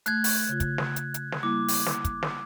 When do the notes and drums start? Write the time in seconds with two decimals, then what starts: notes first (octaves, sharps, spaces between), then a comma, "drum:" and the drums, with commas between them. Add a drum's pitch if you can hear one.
0.06 A3 F#6 G#6, drum: hi-hat
0.24 drum: open hi-hat
0.49 C#3 F4
0.60 drum: kick, hi-hat
0.78 drum: snare
0.96 drum: hi-hat
1.14 drum: hi-hat
1.32 drum: snare
1.43 G3 A#3 E4 D6
1.68 drum: open hi-hat
1.86 drum: snare
2.05 drum: kick, hi-hat
2.23 drum: snare